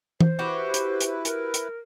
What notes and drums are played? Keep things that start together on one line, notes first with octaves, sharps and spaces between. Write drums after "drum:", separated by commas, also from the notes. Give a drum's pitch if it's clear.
C5, drum: tom
E4 F#4 G4 B4
drum: hi-hat
drum: hi-hat
A#4, drum: hi-hat
drum: hi-hat